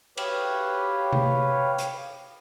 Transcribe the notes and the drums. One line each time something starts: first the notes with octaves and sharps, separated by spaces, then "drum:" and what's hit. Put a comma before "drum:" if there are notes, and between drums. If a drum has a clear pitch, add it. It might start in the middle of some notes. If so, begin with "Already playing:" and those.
G4 B4 C#5 F5, drum: cymbal
drum: tom C3
drum: hi-hat